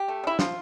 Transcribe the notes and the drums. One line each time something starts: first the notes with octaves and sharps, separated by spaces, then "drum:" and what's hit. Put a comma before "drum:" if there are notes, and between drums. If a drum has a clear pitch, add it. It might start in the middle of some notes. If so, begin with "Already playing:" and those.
Already playing: G4
A3
C#3 E4
F3 F4, drum: snare